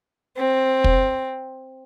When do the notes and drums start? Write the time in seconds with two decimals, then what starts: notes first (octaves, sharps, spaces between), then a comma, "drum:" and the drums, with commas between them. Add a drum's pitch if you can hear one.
0.37 C4
0.84 drum: kick